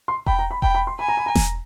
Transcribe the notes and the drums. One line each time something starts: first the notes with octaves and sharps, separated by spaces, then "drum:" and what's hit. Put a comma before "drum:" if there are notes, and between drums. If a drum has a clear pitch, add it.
C6
G5 B5, drum: kick E1
A#5
B5
G5 B5, drum: kick E1
B5
C6
G#5 B5
A#5
B5
A#5
drum: snare E1